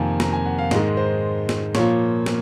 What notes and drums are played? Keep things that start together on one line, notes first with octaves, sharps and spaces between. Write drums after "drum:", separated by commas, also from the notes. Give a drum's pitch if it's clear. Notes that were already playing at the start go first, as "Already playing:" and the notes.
Already playing: F2 C3 D#3 A#3 G#5
A#5, drum: snare
G#5
F#5
F5
G#2 D#3 G#3 D#5, drum: snare
C5
drum: snare
A#2 F3 A#3 C#5, drum: snare
drum: snare